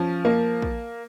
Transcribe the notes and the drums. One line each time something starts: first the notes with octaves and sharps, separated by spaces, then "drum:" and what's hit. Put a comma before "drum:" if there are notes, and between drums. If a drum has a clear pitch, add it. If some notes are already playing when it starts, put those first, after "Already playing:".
Already playing: F3 C#4
A#3
drum: kick